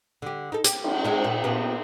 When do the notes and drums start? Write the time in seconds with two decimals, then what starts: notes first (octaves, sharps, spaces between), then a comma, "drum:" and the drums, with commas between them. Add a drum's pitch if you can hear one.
0.22 D3 G4
0.52 D#4 A4
0.64 G4, drum: hi-hat
0.84 drum: cymbal
1.04 G#3 C4 D#4
1.24 A#2
1.44 A#2 B3 G4